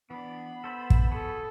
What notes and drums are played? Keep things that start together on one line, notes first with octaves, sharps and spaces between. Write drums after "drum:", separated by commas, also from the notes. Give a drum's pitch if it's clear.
E3 B3 D4 B5
A4 C5 E5
drum: kick
F#4 G#4 A4